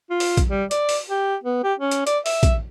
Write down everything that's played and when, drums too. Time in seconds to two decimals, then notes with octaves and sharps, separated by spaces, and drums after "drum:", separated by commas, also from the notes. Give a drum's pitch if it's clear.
0.10 F4
0.20 drum: open hi-hat
0.37 drum: kick, hi-hat
0.49 G3
0.71 D5, drum: hi-hat
0.89 drum: open hi-hat
1.10 G4
1.44 B3
1.64 G4
1.80 C#4
1.91 drum: hi-hat
2.07 D5, drum: hi-hat
2.26 E5, drum: open hi-hat
2.43 drum: kick, hi-hat